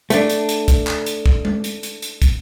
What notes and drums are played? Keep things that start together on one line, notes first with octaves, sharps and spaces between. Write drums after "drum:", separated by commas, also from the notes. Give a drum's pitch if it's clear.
A3 D4, drum: hi-hat
drum: hi-hat
drum: hi-hat
drum: kick, hi-hat
drum: clap
drum: hi-hat
drum: kick
drum: tom G#3
drum: hi-hat
drum: hi-hat
drum: hi-hat
drum: kick, hi-hat